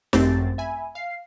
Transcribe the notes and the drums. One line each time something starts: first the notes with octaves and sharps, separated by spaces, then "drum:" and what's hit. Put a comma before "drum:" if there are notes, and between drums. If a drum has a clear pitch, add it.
G#1 F#2 A3 C4 G4 A6, drum: snare
E5 G#5 B5
F5 C7